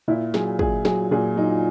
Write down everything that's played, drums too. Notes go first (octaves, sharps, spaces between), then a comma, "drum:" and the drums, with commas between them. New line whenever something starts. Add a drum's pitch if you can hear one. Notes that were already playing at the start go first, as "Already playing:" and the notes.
A#2 E4
F#3 G#4, drum: snare
A#2 G#4, drum: kick
F#3 G#4, drum: snare
A#2 G#4
F#3 D#4